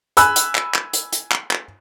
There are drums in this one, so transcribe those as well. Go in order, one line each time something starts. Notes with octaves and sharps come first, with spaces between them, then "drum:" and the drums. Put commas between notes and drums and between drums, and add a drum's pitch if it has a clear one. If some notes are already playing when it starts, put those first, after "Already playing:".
G#5 B5 E6 F#6, drum: hi-hat
drum: hi-hat
drum: clap
drum: clap
drum: hi-hat
drum: hi-hat
drum: clap
drum: clap